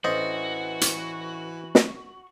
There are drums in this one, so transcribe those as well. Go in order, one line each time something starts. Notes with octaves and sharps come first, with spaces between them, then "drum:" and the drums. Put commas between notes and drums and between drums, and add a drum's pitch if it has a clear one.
A1 E3 D4 F#4 C5 D#5
drum: hi-hat
drum: snare